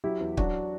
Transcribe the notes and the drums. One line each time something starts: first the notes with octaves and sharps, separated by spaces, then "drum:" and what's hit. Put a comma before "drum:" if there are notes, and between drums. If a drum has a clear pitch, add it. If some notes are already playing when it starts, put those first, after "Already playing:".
F#3 E4 G4
E2
F#3 D4 F#4, drum: kick